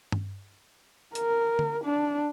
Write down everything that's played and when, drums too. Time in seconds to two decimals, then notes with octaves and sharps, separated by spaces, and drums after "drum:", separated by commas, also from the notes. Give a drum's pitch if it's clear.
0.12 drum: tom G2
1.15 A#4, drum: hi-hat
1.59 drum: tom D3
1.84 D4